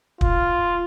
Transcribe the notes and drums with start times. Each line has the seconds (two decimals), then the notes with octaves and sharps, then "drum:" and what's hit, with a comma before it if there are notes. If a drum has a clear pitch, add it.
0.21 F4, drum: kick